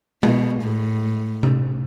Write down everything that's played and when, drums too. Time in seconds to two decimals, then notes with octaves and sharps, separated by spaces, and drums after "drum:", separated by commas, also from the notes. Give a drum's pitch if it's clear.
0.23 B2, drum: tom G#3
0.62 A2
1.43 drum: tom C3